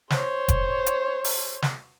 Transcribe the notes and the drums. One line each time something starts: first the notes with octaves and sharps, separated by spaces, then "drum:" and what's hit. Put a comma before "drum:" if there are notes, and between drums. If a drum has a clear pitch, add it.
C5 C#5, drum: snare
drum: kick F1, hi-hat
drum: hi-hat
drum: open hi-hat
drum: snare